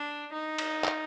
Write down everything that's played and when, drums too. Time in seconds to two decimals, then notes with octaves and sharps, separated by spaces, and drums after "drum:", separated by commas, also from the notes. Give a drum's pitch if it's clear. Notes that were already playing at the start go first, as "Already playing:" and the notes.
Already playing: D4
0.32 D#4
0.58 drum: cymbal
0.84 drum: clap